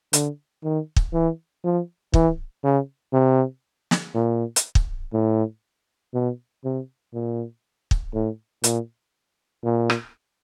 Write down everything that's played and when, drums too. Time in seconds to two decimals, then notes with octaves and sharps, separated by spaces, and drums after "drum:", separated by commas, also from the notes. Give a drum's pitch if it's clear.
0.13 D3, drum: hi-hat
0.64 D#3
0.96 drum: kick
1.13 E3
1.64 F3
2.14 E3, drum: kick
2.64 C#3
3.13 C3
3.91 drum: snare
4.14 A#2
4.56 drum: hi-hat
4.75 drum: kick
5.13 A2
6.14 B2
6.64 C3
7.14 A#2
7.91 drum: kick
8.14 A2
8.64 A#2, drum: hi-hat
9.64 A#2
9.90 drum: rim click